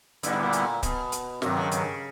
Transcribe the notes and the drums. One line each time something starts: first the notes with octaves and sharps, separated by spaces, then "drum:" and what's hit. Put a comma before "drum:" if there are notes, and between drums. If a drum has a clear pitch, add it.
G2 D3 G3 B3 E4, drum: hi-hat
G#2
A#2
drum: hi-hat
B2, drum: kick C#1, hi-hat
drum: hi-hat
G2 C3 D#3 F#3, drum: snare
C#3
C#3, drum: hi-hat